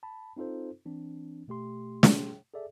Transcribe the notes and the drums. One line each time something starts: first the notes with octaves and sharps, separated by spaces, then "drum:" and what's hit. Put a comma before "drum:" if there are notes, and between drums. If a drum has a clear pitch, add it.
A5 B5
C4 D#4 F4 A4 C5
E3 C4 D4
B2 A3 G4 C6
drum: snare
G#4 A4 D5 E5